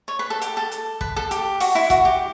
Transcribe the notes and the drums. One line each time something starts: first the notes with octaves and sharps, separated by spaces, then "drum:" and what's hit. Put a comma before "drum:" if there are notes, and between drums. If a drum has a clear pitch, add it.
C#5
B4
A4
G4, drum: hi-hat
A4
drum: hi-hat
B4, drum: kick
A4
G4, drum: hi-hat
F#4, drum: open hi-hat
E4
F#4, drum: kick, hi-hat
G4